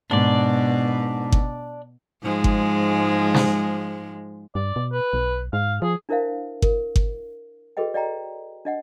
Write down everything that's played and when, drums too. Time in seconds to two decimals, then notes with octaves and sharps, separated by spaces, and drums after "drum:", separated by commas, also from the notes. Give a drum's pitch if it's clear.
0.11 G#2 B2 D4 D5
1.32 drum: kick G1
2.23 G#2 F3 G#3
2.44 drum: kick G1
3.34 drum: snare
4.55 G2 D5
4.76 B2
4.92 B4
5.13 B1
5.53 G#2 F5
5.82 F3 G#4
6.09 D4 E4 A#4 C5 E5 F5
6.62 A#4, drum: kick G1
6.96 drum: kick G1
7.77 F#4 G#4 A4 B4 D#5 G5
7.94 D5 D#5 G5 A#5
8.65 D4 D#5 F#5